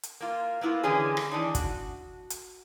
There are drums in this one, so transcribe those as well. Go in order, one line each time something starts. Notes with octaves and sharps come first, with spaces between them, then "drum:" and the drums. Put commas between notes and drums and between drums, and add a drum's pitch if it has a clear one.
drum: hi-hat
A#3 F4
A#3 B3 E4 F4
D3 E3 A3 C#4 D#4 G#4
drum: rim click
E3 D4 D#4
F#4, drum: kick, hi-hat
drum: hi-hat